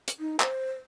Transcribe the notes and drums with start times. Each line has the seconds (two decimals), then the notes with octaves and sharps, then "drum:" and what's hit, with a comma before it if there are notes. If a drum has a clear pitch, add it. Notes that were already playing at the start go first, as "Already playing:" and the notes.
0.08 drum: hi-hat
0.20 D#4
0.40 C5, drum: clap